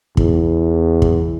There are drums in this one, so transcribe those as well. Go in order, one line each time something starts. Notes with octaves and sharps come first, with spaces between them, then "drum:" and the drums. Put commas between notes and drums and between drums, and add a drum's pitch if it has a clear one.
E2, drum: kick
drum: kick